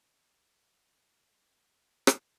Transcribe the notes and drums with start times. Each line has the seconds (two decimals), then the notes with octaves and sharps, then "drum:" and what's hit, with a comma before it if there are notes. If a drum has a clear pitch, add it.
0.18 E4 F#4 A4 C5 E6 C#7
2.07 drum: rim click